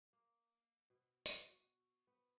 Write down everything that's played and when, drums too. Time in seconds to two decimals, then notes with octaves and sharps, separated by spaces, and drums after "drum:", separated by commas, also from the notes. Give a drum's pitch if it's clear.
0.13 A#3
0.90 B2
1.26 drum: tambourine
1.49 F#4
2.07 B3